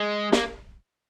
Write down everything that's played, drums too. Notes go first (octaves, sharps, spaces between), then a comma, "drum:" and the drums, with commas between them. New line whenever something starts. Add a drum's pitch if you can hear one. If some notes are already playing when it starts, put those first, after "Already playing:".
Already playing: G#3
A#3, drum: snare